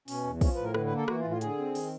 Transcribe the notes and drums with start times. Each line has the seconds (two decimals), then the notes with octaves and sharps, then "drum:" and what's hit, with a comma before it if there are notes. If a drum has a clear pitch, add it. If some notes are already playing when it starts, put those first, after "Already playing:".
0.08 B2 C#4, drum: open hi-hat
0.25 E2
0.41 F3 C#4, drum: kick, open hi-hat
0.55 A2 B4
0.64 A#4
0.74 D3 B4, drum: rim click
0.86 B4
0.92 A#3 A4
1.08 E3 F#4, drum: rim click
1.19 F4
1.24 A2
1.30 F4
1.41 D3 G#4, drum: hi-hat
1.58 C4
1.75 D#3, drum: open hi-hat